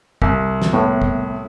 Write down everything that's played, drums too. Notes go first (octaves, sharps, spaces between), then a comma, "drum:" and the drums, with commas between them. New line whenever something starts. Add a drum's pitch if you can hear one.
C2, drum: kick
drum: snare
A2 B3
drum: kick